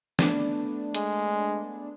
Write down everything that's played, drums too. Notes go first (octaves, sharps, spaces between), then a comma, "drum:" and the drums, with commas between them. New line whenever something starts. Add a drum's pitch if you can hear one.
A3 B3 D4, drum: snare
G#3, drum: hi-hat